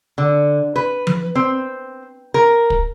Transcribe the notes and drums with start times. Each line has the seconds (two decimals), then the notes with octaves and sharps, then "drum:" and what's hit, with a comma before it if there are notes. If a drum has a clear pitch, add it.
0.18 D3
0.76 B4
1.07 drum: tom F3
1.35 C4
2.34 A#4
2.70 drum: kick